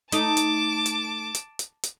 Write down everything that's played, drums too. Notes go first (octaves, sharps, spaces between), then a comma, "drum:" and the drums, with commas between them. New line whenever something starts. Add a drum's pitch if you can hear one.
A3 D#4 A5 D6, drum: hi-hat
drum: hi-hat
drum: hi-hat
drum: hi-hat
drum: hi-hat
drum: hi-hat